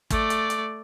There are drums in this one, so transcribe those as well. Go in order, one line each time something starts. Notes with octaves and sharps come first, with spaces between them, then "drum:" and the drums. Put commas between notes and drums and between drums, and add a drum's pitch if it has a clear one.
A3 D5, drum: kick, hi-hat
drum: hi-hat
drum: hi-hat